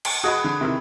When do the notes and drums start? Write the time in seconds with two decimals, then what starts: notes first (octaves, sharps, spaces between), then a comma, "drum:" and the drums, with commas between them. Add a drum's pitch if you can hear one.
0.05 drum: cymbal
0.24 F#4 G#4 B4 D#5 D#6
0.44 D3
0.61 C3 D#3 E4